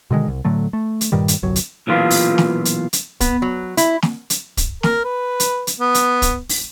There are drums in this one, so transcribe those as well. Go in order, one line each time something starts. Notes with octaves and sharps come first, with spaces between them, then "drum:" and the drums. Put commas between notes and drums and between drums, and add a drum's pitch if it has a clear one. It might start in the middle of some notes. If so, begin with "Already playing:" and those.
B2 D3 D#3 G#3
C2
A2 D3 F#3 A3
A3
drum: hi-hat
G2 A#2 D#3 G3
drum: hi-hat
G1 C2 F#3
drum: hi-hat
B1 A#2 E3 F4
drum: open hi-hat
drum: snare
drum: hi-hat
drum: hi-hat
B3, drum: kick, hi-hat
F#3
E4, drum: hi-hat
drum: snare
drum: hi-hat
drum: kick, hi-hat
A#4, drum: snare
B4
drum: hi-hat
drum: hi-hat
B3
drum: hi-hat
drum: kick, hi-hat
drum: open hi-hat